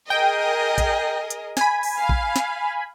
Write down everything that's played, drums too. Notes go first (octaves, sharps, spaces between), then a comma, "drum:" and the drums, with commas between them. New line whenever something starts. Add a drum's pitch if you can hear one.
G#4 A#4 D#5 G5
drum: kick, hi-hat
drum: hi-hat
G#5 B5, drum: snare
drum: open hi-hat
F5
drum: kick
drum: snare